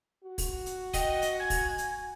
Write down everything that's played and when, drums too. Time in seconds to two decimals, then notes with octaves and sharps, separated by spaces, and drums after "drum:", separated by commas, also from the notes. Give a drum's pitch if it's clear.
0.24 F#4
0.38 drum: kick, open hi-hat
0.66 drum: hi-hat
0.94 D#5 G5, drum: kick, open hi-hat
1.22 drum: hi-hat
1.40 G#5 G#6
1.50 drum: kick, open hi-hat
1.78 drum: hi-hat